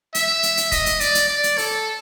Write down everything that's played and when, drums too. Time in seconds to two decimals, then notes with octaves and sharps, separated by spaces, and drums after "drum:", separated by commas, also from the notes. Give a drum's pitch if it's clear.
0.15 E5, drum: hi-hat
0.43 drum: hi-hat
0.57 drum: hi-hat
0.72 D#5, drum: kick, hi-hat
0.86 drum: hi-hat
1.00 D5, drum: hi-hat
1.15 drum: hi-hat
1.28 D5
1.43 drum: hi-hat
1.58 A4, drum: open hi-hat